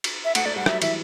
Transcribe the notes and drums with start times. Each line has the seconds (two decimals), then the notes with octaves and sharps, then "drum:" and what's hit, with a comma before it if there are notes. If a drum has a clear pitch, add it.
0.04 drum: cymbal
0.25 E5
0.35 A3 F#5, drum: cymbal
0.46 A3 D5
0.56 G3 F#5
0.66 F#3 E5, drum: rim click
0.82 E3 E5, drum: cymbal